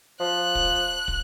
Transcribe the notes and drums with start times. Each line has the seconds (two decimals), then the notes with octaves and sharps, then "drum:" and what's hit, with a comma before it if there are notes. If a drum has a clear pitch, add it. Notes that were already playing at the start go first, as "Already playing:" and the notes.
0.20 F3 F#6
0.55 drum: kick
1.08 drum: kick